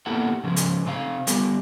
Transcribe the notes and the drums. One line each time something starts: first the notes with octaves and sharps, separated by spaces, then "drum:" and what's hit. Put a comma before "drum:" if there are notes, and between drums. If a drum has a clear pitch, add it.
A#3 B3 E4 G4 A4 F#5
C#3 F3 G3 G#3
drum: hi-hat
C3 C4 B4 F5
G3 B3 G4, drum: hi-hat